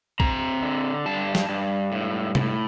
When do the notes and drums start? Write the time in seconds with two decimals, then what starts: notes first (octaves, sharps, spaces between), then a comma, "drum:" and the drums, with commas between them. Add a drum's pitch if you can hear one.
0.20 C4 A#5, drum: kick B1
0.62 D3
1.06 G2 A5
1.35 drum: snare
1.49 G2
1.92 A2
2.35 A2, drum: tom C3